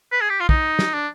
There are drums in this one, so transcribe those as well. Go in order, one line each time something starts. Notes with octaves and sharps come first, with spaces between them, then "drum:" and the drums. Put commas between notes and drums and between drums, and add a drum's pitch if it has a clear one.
B4
G#4
G4
F4
D#4, drum: kick
drum: snare
D4